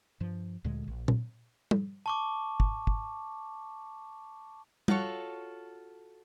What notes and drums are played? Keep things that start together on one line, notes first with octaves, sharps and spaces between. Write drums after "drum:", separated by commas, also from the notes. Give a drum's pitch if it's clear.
G2 F3
D2 A#2 D3 G#3
A#1
drum: tom A#2
drum: tom G3
A5 C#6 D6
drum: kick
drum: kick
F4 F#4 A4 C#5, drum: tom G3